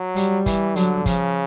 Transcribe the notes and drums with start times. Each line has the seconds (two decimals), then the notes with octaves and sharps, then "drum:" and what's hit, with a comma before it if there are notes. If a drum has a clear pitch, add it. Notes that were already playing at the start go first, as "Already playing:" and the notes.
Already playing: F#3
0.16 G3, drum: hi-hat
0.46 E3, drum: kick, hi-hat
0.76 D3 F#3, drum: hi-hat
1.06 C#3 F3, drum: kick, hi-hat